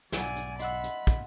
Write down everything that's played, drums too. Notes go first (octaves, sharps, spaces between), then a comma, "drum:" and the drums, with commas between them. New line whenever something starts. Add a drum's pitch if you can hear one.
B1 G#2 E4 D5 F#5 G#5, drum: snare
drum: hi-hat
D#5 E5 F#5 B5 C6, drum: hi-hat
drum: hi-hat
drum: kick, hi-hat